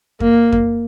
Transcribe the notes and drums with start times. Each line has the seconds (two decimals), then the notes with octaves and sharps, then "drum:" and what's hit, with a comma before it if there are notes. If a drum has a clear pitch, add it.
0.20 A#3, drum: kick F2
0.52 drum: kick F2